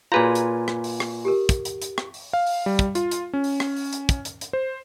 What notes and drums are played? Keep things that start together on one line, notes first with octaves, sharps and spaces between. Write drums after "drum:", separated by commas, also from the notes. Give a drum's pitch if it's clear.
A#2 F4 F#4 G#4 B4 C#5 G#5 A#5
drum: hi-hat
drum: rim click
drum: open hi-hat
drum: rim click
G4 A4 A#4
drum: kick, hi-hat
drum: hi-hat
drum: hi-hat
drum: rim click
drum: open hi-hat
F5
drum: open hi-hat
G3
drum: kick, hi-hat
F4, drum: hi-hat
drum: hi-hat
C#4
drum: open hi-hat
drum: rim click
drum: open hi-hat
drum: hi-hat
drum: kick, hi-hat
drum: hi-hat
drum: hi-hat
C5